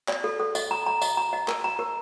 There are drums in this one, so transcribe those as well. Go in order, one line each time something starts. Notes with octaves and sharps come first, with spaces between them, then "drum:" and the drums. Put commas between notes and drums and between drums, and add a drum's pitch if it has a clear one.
D5, drum: clap
A4
A4
D#5, drum: tambourine
A#5
A#5
D#5, drum: tambourine
A#5
D#5
A#4, drum: clap
A#5
A#4